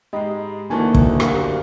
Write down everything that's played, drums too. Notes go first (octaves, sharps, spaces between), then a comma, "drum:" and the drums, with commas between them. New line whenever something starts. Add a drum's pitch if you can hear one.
G#2 G#3 G4 D#5 B5
D2 D#3 E3 A#3 F#4 G#5 A5 C#6
drum: kick
F#2 D3 A3 G4 A#4 F5, drum: rim click